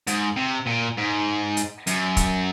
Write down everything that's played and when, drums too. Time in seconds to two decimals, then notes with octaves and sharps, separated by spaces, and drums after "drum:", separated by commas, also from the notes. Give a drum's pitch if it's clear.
0.07 G#2, drum: hi-hat
0.37 C3
0.67 A#2
0.97 G#2
1.57 drum: hi-hat
1.87 F#2, drum: hi-hat
2.17 drum: kick, hi-hat